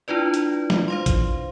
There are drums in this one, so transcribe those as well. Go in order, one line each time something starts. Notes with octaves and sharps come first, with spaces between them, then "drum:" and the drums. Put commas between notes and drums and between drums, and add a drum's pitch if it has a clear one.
D4 E4 F4 B4 D5
drum: hi-hat
drum: snare
C5 F5 C6
drum: kick A1, hi-hat